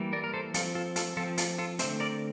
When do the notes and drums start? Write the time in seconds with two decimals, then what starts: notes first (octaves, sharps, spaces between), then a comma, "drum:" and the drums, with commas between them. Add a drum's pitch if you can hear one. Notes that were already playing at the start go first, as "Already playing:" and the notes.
Already playing: E3 G3 A#3
0.13 A#4 D5
0.24 A#4
0.34 A4 C5
0.54 F3 C4 F4 A4, drum: hi-hat
0.75 F4 A4
0.96 F4 A4, drum: hi-hat
1.17 F3 C4 F4 A4
1.38 F4 A4, drum: hi-hat
1.58 F4 A4
1.79 D3 A3 C4 C5 E5, drum: hi-hat
2.00 A#4 D5